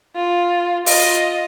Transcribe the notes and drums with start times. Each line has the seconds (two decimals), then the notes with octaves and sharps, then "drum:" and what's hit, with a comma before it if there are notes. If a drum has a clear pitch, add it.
0.16 F4
0.86 F4 D#5, drum: open hi-hat